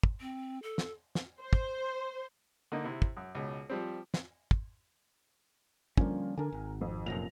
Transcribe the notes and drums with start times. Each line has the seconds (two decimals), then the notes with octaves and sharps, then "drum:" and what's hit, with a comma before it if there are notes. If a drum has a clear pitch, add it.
0.03 drum: kick
0.20 C4
0.63 A4
0.78 drum: snare
1.15 drum: snare
1.41 C5
1.53 drum: kick
2.72 D3 A#3 D#4
2.84 C3 E4
3.02 drum: kick
3.17 F#2
3.35 C#2 B2
3.69 F3 G3 C4
4.14 drum: snare
4.51 drum: kick
5.97 D3 F3 G3 A#3 C#4, drum: kick
6.37 D3 D4 A#4 G#5
6.52 G#1
6.81 F2
7.06 F1 F#2 A#2 A#6 F7